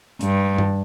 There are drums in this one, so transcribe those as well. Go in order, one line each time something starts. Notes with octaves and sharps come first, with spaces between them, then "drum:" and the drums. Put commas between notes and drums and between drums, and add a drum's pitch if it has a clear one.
G2, drum: hi-hat
drum: tom G2